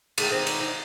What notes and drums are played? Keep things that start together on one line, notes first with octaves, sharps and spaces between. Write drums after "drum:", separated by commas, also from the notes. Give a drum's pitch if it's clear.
D#3 G#3 A3, drum: cymbal
C4
C#4, drum: cymbal
D#4